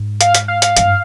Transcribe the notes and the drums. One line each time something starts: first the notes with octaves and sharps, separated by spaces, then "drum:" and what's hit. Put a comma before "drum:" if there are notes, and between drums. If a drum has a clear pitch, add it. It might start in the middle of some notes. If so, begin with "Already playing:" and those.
Already playing: G#2
F5, drum: hi-hat
drum: hi-hat
F5
F5, drum: hi-hat
G2, drum: hi-hat